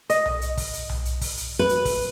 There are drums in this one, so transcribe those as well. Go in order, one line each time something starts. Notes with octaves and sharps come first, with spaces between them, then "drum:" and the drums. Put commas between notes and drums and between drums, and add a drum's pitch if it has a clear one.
D#5, drum: hi-hat
drum: tom B1
drum: hi-hat
drum: kick, open hi-hat
drum: hi-hat
drum: tom B1
drum: hi-hat
drum: kick, open hi-hat
drum: hi-hat
B4
drum: hi-hat
drum: kick, open hi-hat